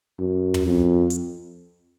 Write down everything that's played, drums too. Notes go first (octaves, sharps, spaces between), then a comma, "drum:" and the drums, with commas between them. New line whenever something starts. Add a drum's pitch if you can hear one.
F#2
drum: tom
F2
drum: hi-hat